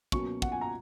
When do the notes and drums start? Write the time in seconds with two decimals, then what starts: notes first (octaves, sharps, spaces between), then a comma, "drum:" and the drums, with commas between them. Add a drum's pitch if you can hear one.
0.12 B2 F#3 A#3 C#4 C#6, drum: kick
0.42 F#5, drum: kick
0.52 G#5
0.61 A#5